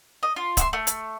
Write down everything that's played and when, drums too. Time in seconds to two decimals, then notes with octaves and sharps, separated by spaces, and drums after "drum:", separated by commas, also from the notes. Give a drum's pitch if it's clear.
0.23 D#5
0.36 F4
0.57 E5 F#5 C6, drum: kick C#1, hi-hat
0.73 A3
0.87 drum: hi-hat